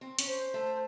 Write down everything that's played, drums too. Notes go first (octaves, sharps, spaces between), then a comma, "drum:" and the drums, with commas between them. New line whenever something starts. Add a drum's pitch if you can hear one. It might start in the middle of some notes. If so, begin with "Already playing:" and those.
C4
C#4, drum: hi-hat
C5
A3